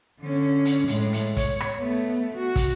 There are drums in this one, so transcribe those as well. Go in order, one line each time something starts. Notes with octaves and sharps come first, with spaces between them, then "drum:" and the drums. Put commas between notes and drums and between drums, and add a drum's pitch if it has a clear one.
D3 C#4
drum: hi-hat
A2 G#3, drum: hi-hat
drum: hi-hat
C#5, drum: kick, hi-hat
drum: rim click
A3 B3
F#4
drum: kick, hi-hat